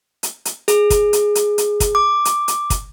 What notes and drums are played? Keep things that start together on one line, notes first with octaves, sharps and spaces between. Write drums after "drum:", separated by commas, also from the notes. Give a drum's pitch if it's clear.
drum: hi-hat
drum: hi-hat
G#4, drum: hi-hat
drum: kick, hi-hat
drum: hi-hat
drum: hi-hat
drum: hi-hat
drum: kick, hi-hat
D6
drum: hi-hat
drum: hi-hat
drum: kick, hi-hat